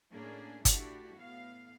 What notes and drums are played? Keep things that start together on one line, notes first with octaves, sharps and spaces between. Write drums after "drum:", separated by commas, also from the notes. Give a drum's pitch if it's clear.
A2 A#3 C#4 D4 G#4
A3 D4 E4 F#4 G4, drum: kick G1, hi-hat
A2 B3 F5